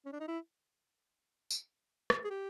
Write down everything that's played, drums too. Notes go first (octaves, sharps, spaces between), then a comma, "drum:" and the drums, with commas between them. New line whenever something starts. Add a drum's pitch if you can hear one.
C#4
D4
D#4
E4
drum: tambourine
drum: rim click
G#4
G4